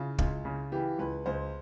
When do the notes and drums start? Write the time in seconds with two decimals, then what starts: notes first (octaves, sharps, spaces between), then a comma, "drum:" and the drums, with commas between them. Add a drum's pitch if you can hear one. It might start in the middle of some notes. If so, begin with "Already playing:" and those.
Already playing: C#3 E4 F4
0.18 C#2 F4, drum: kick
0.45 C#3
0.72 E3 G4
0.98 C#2 B4
1.26 C#2 C5